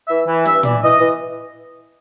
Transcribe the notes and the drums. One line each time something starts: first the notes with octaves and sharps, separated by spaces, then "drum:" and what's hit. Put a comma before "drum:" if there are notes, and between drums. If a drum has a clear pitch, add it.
E3 E5
E3
G2 E5, drum: snare
E3 D5, drum: tom
E3 D#5
E3